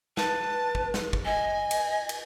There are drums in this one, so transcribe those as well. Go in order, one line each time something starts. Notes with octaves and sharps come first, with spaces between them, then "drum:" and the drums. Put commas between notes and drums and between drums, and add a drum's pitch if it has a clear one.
B4 A5, drum: snare
drum: kick
drum: snare
drum: kick
D#5 G#5
drum: cymbal
drum: cymbal